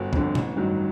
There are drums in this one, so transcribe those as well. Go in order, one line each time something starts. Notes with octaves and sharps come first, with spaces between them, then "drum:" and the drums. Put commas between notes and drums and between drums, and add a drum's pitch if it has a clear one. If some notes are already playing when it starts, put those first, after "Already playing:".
Already playing: G1 F#4
F2 D3, drum: kick
A1, drum: tom
G2 D#3 F#3